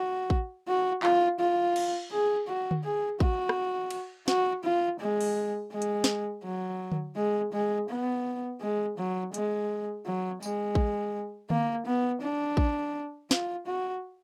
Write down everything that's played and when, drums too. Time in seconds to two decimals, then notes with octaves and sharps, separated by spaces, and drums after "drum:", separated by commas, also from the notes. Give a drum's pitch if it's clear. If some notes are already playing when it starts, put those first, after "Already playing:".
Already playing: F#4
0.30 drum: kick A1
0.68 F#4
1.03 F4, drum: clap
1.40 F4
1.76 drum: cymbal
2.12 G#4
2.48 F#4
2.71 drum: tom D3
2.84 G#4
3.20 F#4, drum: kick A1
3.49 drum: rim click
3.91 drum: cymbal
4.28 F#4, drum: snare
4.64 F4
5.00 G#3
5.21 drum: open hi-hat
5.72 G#3
5.82 drum: hi-hat
6.04 drum: snare
6.44 F#3
6.92 drum: tom D3
7.16 G#3
7.53 G#3
7.90 B3
8.61 G#3
8.98 F#3
9.34 G#3, drum: hi-hat
10.06 F#3
10.43 G#3, drum: tambourine
10.75 drum: kick A1
11.50 A#3, drum: tom D3
11.86 B3
12.22 D4
12.57 drum: kick A1
13.31 F4, drum: snare
13.67 F#4